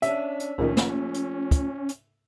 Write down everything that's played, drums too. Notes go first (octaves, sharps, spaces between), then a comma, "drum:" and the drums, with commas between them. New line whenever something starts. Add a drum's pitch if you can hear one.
C#4 D4 E5, drum: hi-hat
drum: hi-hat
C#2 A#2 D#3 F3 A3 C#4
drum: snare
drum: hi-hat
drum: kick, hi-hat
drum: hi-hat